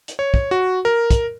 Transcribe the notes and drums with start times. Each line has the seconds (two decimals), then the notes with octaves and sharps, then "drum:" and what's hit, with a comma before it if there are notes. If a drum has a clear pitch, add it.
0.08 drum: hi-hat
0.19 C#5
0.34 drum: kick
0.51 F#4
0.85 A#4
1.11 drum: kick, hi-hat